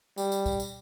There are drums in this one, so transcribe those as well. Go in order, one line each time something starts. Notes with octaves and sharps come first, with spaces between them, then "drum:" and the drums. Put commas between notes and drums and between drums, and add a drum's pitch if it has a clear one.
G3, drum: tambourine
drum: tambourine
drum: kick C2, tambourine
drum: tambourine